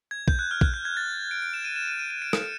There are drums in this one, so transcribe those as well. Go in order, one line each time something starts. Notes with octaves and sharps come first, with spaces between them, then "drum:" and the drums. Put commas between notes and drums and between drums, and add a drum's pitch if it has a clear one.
G#6
G6, drum: kick
F#6
F6
F#6, drum: kick
G6
G#6
A6
D7
D7
E7
D#7
E7
D#7
D#7
D#7
D7
C#7, drum: rim click